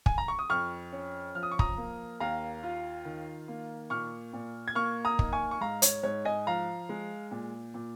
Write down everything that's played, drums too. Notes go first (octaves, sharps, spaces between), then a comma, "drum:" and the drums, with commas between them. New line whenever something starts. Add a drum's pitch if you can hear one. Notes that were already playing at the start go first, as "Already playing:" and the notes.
G#5, drum: kick
A#5
C#6
D#6
F2 C#6 F6
C#4
F3 F6
D#6
C#6
A#5 D#6, drum: kick
A#3
D#2 F5 A#5
F4
D#3
A#3
A#2 C#6 F6
A#2
G#6
A#3 C#6 F6
A#5 D#6
D#4, drum: kick
G#5 C#6
C#6
G#2 F5 A#5
C#5, drum: hi-hat
G#2 C#5
D#5 G#5
F3 F5 A#5
G#3
A#2
A#2